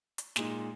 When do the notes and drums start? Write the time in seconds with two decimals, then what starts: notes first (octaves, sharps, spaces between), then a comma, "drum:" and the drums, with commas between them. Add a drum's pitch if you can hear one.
0.18 drum: hi-hat
0.36 A#2 G#3 D#4, drum: snare